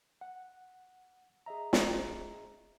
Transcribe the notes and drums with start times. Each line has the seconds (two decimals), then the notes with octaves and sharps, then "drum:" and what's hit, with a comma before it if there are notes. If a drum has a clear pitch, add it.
0.21 F#5
1.46 G#4 D#5 E5 A#5
1.73 drum: snare